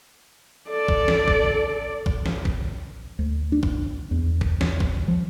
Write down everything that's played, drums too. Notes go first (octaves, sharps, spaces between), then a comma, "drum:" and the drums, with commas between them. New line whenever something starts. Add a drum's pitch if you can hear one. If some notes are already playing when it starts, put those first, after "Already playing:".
A4 D5
drum: kick A1
drum: snare
drum: kick A1
drum: kick A1
drum: snare
drum: kick A1
D2
D4
drum: kick A1
E2
drum: kick A1
drum: snare
drum: kick A1
F3